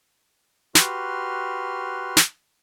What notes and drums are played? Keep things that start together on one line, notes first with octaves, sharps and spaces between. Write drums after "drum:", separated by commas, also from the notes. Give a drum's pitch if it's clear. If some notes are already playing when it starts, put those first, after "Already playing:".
F#4 G4 B4 C6 F6, drum: snare
drum: snare